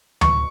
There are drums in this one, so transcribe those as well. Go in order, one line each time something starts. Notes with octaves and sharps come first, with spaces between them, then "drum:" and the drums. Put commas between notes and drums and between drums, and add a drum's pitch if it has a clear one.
C#6, drum: tom D2